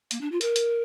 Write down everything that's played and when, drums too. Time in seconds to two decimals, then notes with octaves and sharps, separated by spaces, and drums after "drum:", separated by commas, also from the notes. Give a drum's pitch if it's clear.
0.11 A#3, drum: hi-hat
0.21 D4
0.31 F4
0.41 A#4, drum: hi-hat
0.56 drum: hi-hat